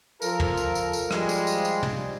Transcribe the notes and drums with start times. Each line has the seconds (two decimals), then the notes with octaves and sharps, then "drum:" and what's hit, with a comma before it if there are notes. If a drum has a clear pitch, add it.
0.22 F3 F4 A4 A#4, drum: tambourine
0.40 drum: tom
0.57 drum: tambourine
0.75 drum: tambourine
0.93 drum: tambourine
1.11 F3 G3 G#3, drum: rim click
1.29 drum: tambourine
1.47 drum: tambourine
1.65 drum: tambourine
1.83 drum: tom